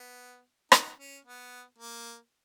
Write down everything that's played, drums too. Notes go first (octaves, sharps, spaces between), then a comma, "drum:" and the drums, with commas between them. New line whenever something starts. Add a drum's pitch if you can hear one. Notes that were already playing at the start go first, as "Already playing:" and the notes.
Already playing: B3
B3 D#4, drum: rim click
C#4
B3
A#3